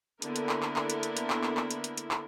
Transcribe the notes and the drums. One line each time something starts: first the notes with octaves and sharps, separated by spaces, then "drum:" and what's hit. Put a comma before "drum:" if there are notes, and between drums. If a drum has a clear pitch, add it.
D3 A#3 B3 E4 A#4, drum: hi-hat
drum: hi-hat
drum: clap
drum: clap
drum: clap
drum: hi-hat
drum: hi-hat
drum: hi-hat
drum: clap
drum: clap
drum: clap
drum: hi-hat
drum: hi-hat
drum: hi-hat
drum: clap